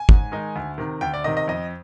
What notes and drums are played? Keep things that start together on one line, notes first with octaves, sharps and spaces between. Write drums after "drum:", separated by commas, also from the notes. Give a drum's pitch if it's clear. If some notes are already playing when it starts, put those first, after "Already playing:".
Already playing: G#5
G#2, drum: kick
D#3 G#3 D#4
D2
C3 D#3
D2 G5
D5
C3 D#3 D#5
D#5
F2 D#5